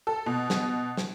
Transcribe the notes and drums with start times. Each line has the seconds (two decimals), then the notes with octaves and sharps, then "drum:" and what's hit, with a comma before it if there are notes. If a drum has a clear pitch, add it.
0.07 A4
0.26 B2
0.50 drum: snare
0.97 drum: snare